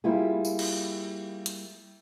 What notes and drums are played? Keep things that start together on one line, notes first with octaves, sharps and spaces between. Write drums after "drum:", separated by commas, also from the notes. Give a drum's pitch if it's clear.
G3 A#3 E4 F4 G4 G#4
drum: tambourine
drum: cymbal
drum: hi-hat